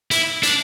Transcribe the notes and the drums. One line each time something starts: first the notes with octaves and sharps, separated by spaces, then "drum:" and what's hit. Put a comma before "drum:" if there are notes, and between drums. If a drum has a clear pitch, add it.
E4, drum: hi-hat
D4, drum: hi-hat